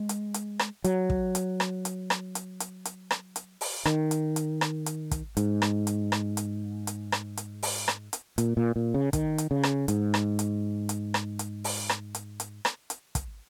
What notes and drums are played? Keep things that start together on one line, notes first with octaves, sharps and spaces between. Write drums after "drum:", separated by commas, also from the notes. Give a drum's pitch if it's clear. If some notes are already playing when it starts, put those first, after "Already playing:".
Already playing: G#3
drum: hi-hat
drum: hi-hat
drum: rim click
F#3, drum: hi-hat
drum: kick
drum: hi-hat
drum: rim click
drum: hi-hat
drum: rim click
drum: hi-hat
drum: hi-hat
drum: hi-hat
drum: rim click
drum: hi-hat
drum: open hi-hat
D#3, drum: rim click
drum: hi-hat
drum: hi-hat
drum: rim click
drum: hi-hat
drum: kick, hi-hat
G#2, drum: hi-hat
drum: rim click
drum: hi-hat
drum: rim click
drum: hi-hat
drum: hi-hat
drum: rim click
drum: hi-hat
drum: open hi-hat
drum: rim click
drum: hi-hat
A#2, drum: hi-hat
A#2
A#2
C#3
D#3, drum: kick, hi-hat
drum: hi-hat
C#3
drum: rim click
G#2, drum: hi-hat
drum: rim click
drum: hi-hat
drum: hi-hat
drum: rim click
drum: hi-hat
drum: open hi-hat
drum: rim click
drum: hi-hat
drum: hi-hat
drum: rim click
drum: hi-hat
drum: kick, hi-hat